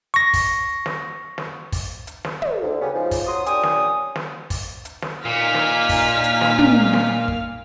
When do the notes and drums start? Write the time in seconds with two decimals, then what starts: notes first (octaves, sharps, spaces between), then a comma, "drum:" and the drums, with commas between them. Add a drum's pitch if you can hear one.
0.14 C#6 A#6
0.34 drum: kick, open hi-hat
0.86 drum: snare
1.38 drum: snare
1.72 drum: kick, open hi-hat
2.07 drum: hi-hat
2.25 drum: snare
2.42 drum: tom
2.62 D2
2.81 C#3 G3 B3 C#4
2.94 G#2 C#3 F3
3.11 drum: kick, open hi-hat
3.27 F#3 C6 D#6
3.46 A#2 C#4 D4 G4 G#5 D#6, drum: hi-hat
3.63 drum: snare
4.16 drum: snare
4.50 drum: kick, open hi-hat
4.85 drum: hi-hat
5.02 drum: snare
5.25 A#2 D#4 F5 G#5 B6
5.54 drum: snare
5.89 drum: kick, open hi-hat
6.24 drum: hi-hat
6.41 drum: snare
6.59 drum: tom
6.93 drum: snare
7.28 drum: kick